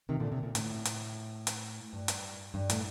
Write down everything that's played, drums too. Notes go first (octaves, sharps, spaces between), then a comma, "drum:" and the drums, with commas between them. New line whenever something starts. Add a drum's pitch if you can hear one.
C3 D#3
A#2 D3
C3
A#2
A2, drum: hi-hat
drum: hi-hat
drum: hi-hat
G2
drum: hi-hat
G2
A2, drum: hi-hat